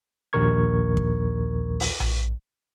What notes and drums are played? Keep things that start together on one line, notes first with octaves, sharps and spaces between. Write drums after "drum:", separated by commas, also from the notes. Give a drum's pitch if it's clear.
A#1 D#2 A#4 C#6 G#6
drum: kick
drum: open hi-hat
drum: tom A#1